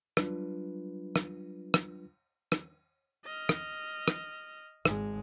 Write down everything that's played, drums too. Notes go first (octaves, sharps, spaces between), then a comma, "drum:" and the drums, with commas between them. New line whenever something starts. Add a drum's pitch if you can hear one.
F#3 G3 D4 F4 B4, drum: rim click
drum: rim click
drum: rim click
drum: rim click
D#5 F6
drum: rim click
drum: rim click
G#1 G#3, drum: rim click